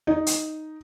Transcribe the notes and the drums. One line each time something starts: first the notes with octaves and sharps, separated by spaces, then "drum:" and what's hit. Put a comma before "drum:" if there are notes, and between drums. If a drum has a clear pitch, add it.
D#4
drum: hi-hat